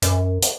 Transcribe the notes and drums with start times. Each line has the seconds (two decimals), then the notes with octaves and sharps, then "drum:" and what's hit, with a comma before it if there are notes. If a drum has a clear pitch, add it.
0.02 F#2, drum: hi-hat
0.42 drum: hi-hat